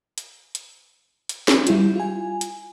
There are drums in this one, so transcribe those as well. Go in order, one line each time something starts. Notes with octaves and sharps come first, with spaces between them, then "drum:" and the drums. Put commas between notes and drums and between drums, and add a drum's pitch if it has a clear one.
drum: hi-hat
drum: hi-hat
drum: hi-hat
drum: snare
G3 E4 F4, drum: hi-hat
F4 G#5
drum: hi-hat